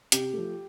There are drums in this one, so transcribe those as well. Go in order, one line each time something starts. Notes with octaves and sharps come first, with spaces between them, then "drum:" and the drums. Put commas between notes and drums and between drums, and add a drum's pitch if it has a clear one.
C3 G4, drum: hi-hat
F3 A3